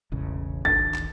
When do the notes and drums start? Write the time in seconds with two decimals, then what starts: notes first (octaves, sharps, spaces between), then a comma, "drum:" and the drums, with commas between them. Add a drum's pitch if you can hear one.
0.12 E1 A1 C#3
0.65 D1 G#1 D4 A6, drum: kick
0.94 drum: clap